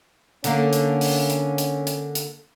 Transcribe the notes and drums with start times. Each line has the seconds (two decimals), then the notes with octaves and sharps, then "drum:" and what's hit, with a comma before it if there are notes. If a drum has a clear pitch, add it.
0.44 D3 A#3 C#4, drum: hi-hat
0.73 drum: hi-hat
1.01 drum: open hi-hat
1.30 drum: hi-hat
1.58 drum: hi-hat
1.87 drum: hi-hat
2.15 drum: hi-hat